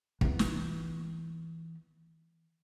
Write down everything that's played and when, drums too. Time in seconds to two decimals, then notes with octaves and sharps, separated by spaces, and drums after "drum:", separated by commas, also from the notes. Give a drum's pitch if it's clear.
0.21 E3 B3, drum: kick
0.39 drum: snare